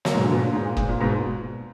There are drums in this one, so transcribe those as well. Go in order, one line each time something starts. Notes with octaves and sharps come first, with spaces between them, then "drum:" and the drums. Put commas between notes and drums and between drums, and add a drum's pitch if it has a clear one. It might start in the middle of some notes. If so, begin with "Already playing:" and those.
F#3 A#3, drum: snare
G#2 B2
A#2 D3
G#2 B2
A#2
G#2
A#2
G#2, drum: kick
A#2
G#2 B2